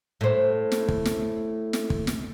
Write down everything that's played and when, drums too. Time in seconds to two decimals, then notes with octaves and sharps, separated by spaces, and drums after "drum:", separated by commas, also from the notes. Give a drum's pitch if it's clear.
0.21 A2 C5
0.72 drum: snare
0.89 drum: kick
1.05 drum: snare
1.73 drum: snare
1.90 drum: kick
2.07 drum: snare